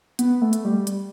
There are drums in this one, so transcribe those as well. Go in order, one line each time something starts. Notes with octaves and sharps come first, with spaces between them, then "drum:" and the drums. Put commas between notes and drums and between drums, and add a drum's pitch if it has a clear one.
B3, drum: hi-hat
A3
drum: hi-hat
G3
drum: hi-hat